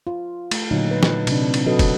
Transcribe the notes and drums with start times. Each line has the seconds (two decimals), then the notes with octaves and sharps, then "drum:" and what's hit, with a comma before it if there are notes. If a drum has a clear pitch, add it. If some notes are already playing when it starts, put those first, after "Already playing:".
0.07 F4
0.51 A3, drum: cymbal
0.71 A#2 D3 F#3 D#4
0.91 B4
1.03 drum: snare
1.27 C3 D4, drum: cymbal
1.54 drum: cymbal
1.66 F#3 D4 F#4 A4 B4 D#5
1.79 drum: kick, cymbal